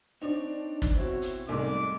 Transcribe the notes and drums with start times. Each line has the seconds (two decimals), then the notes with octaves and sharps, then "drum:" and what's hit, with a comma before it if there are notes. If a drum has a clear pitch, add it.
0.22 C4 D4 D#4 C#5
0.82 drum: kick, hi-hat
0.96 B2 C4 E4 F#4 C#5
1.22 drum: hi-hat
1.49 C2 B2 G#3 A3 D#4 D5 D6